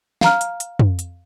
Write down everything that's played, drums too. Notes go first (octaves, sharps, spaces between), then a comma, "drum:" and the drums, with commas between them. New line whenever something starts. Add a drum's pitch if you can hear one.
F5 A#5 F6, drum: snare
drum: hi-hat
drum: hi-hat
drum: tom
drum: hi-hat